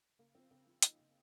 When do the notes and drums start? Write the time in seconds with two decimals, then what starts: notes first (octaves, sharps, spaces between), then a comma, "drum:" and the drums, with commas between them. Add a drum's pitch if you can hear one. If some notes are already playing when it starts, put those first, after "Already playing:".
0.19 C#3 A#3
0.35 F3 C4
0.51 C#3 C4
0.67 F3
0.82 F3 D#4, drum: hi-hat
0.99 C#3